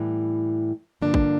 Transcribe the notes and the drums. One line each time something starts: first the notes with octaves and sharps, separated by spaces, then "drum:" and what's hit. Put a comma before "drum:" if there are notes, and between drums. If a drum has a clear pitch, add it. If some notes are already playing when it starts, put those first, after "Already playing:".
Already playing: A2 E3 G3
G2 D3 F3 A#3 D4
drum: kick